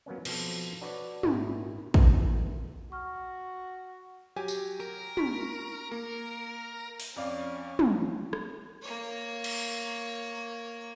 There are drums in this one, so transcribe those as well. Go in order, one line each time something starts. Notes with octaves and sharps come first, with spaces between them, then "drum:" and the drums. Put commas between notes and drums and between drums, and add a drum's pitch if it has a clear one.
F#3 A#3 B3 C#4
B2 F3 C4 A4, drum: cymbal
D4 F#4 B4 C#5 D5
G#1 A#2 D#3 E4 F#4 G#4, drum: tom
F2 A#2 D#3 E3 A3 B3, drum: kick
F#4 C#6 F6
F#3 G4 G#5
drum: tambourine
A#4
C#6 B6, drum: tom
A#3 A#4
drum: open hi-hat
F2 C#4 D5 F5
drum: tom
drum: rim click
A#3 C#5
drum: cymbal